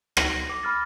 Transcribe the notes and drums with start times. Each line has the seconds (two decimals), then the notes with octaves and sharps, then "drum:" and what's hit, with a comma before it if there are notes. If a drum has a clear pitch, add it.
0.17 A#6, drum: rim click
0.30 A#6
0.50 D6
0.63 B5 F6 A6